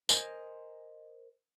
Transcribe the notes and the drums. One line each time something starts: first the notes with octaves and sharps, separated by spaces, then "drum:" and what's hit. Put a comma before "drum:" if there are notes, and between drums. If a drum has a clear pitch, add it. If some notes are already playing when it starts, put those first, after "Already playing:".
A#4 C5 D#5 G#5, drum: tambourine